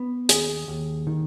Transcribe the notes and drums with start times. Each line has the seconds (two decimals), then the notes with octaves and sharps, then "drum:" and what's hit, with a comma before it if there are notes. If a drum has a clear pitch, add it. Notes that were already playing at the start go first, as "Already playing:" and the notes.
Already playing: B3
0.29 D#2 G#4, drum: hi-hat
0.68 D#2
1.07 D#3